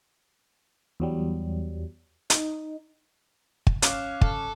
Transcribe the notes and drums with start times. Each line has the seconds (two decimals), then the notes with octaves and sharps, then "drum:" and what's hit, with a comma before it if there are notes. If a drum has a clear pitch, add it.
1.00 E2 F#3 G3
2.30 D#4, drum: hi-hat
3.67 drum: kick
3.82 C#4 F5 D6 F#6, drum: hi-hat
4.21 A4, drum: kick